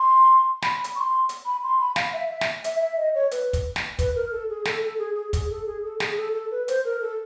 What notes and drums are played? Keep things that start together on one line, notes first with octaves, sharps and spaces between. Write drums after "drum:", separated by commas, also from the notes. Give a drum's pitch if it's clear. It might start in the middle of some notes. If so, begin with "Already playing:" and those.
Already playing: C6
B5, drum: snare
drum: hi-hat
C#6
C6
drum: hi-hat
B5
C6
B5
F5, drum: snare
E5
E5
drum: snare
E5, drum: hi-hat
E5
D#5
C#5
B4, drum: hi-hat
drum: kick, hi-hat
drum: snare
B4, drum: kick, hi-hat
A#4
A4
G#4
A4, drum: snare
A4
G#4
G#4
G#4, drum: kick, hi-hat
A4
G#4
A4
G#4, drum: snare
A4
A4
B4
C5, drum: hi-hat
A#4
A4